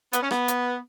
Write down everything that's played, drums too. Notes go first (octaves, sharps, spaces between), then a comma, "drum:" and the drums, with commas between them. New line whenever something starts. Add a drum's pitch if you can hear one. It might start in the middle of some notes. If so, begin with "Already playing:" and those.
B3, drum: hi-hat
C#4
B3, drum: rim click
drum: hi-hat